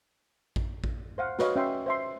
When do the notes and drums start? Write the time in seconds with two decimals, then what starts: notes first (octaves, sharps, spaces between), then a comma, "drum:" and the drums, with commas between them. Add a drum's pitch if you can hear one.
0.56 drum: kick A1
0.84 drum: kick A1
1.18 C5 F5 F#5
1.39 F#4 B4 C#5 D#5 F5, drum: snare
1.56 C#4 E5 G5 C6
1.86 C5 E5 C6